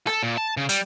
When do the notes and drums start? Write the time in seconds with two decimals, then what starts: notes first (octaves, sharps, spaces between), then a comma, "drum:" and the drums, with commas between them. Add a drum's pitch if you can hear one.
0.07 A4, drum: rim click
0.23 A#2
0.38 A5
0.57 C#3
0.69 G3, drum: hi-hat